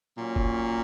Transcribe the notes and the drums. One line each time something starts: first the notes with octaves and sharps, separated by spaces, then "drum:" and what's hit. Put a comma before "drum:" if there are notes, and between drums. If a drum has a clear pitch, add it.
A#2 F#3 C#4
drum: kick